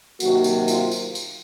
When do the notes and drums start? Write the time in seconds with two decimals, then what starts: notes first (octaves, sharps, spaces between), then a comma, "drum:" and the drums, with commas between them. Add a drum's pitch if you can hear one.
0.20 C3 D#3 F#3 A#3 F#4, drum: tambourine
0.44 drum: tambourine
0.68 F4, drum: tambourine
0.91 drum: tambourine
1.15 drum: tambourine